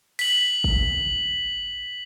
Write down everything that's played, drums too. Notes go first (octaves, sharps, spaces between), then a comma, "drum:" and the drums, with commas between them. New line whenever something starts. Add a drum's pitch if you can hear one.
B6 F#7, drum: open hi-hat
drum: kick